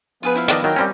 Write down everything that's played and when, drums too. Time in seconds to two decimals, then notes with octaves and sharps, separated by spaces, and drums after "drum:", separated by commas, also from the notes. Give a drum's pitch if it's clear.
0.23 F3 B3 F4 G#4 B4
0.35 E4 E5 F5
0.48 D#3 D4 D#5, drum: hi-hat
0.64 D#3 F#3 A#4 G5
0.76 G3 C4 C#4